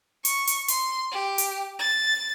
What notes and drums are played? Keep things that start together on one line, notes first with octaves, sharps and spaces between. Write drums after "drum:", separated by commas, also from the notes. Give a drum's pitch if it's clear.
C#6, drum: hi-hat
drum: hi-hat
C6, drum: hi-hat
G4
drum: hi-hat
A6